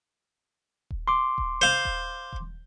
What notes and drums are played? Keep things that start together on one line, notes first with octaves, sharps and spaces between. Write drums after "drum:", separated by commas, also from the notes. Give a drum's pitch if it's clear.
drum: kick D#1
C6 D6
drum: kick D#1
C5 F5
drum: kick D#1
drum: kick D#1